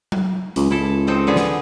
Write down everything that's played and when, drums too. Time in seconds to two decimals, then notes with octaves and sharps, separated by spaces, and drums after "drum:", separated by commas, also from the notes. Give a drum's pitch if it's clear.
0.12 drum: tom F#3
0.56 C#2, drum: hi-hat
0.71 C#2 E4 A4
1.07 C4 D#4 A4
1.27 D3 B3 G#4
1.36 drum: snare